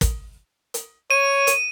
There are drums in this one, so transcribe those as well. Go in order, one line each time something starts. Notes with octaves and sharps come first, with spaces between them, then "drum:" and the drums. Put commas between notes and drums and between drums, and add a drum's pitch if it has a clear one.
drum: kick, hi-hat
drum: hi-hat
C#5 D#7
drum: hi-hat